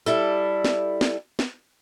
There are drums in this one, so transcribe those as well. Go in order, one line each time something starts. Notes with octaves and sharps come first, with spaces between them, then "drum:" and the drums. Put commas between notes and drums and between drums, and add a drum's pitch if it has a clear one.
G3 E4 A4, drum: tambourine
drum: snare
drum: snare
drum: snare